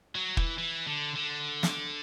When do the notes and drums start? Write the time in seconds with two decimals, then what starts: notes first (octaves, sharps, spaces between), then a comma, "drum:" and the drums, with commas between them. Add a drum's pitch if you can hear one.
0.15 F#3
0.37 E3, drum: kick
0.58 E3
0.87 D3
1.16 D3
1.63 drum: snare